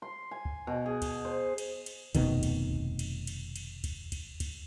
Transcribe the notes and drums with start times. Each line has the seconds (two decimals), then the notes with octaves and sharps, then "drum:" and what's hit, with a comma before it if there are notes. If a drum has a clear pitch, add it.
0.02 C6
0.31 G#5
0.45 drum: kick
0.67 B2
0.86 G#4
1.02 drum: kick, cymbal
1.25 C5
1.58 drum: cymbal
1.86 drum: cymbal
2.15 F1 B2 D#3, drum: kick, cymbal
2.43 drum: kick, cymbal
2.71 drum: kick
2.99 drum: cymbal
3.27 drum: cymbal
3.56 drum: cymbal
3.84 drum: kick, cymbal
4.12 drum: kick, cymbal
4.40 drum: kick, cymbal